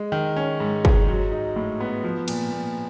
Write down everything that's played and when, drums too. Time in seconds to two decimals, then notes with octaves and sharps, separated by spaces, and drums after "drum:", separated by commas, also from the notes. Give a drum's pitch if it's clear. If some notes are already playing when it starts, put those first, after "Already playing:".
Already playing: G#3
0.12 D#3
0.37 C#4
0.60 G#2
0.85 G#3, drum: kick
1.08 F#3
1.32 D#4
1.56 A2
1.80 B3
2.04 F3
2.28 A#2, drum: cymbal
2.52 A#2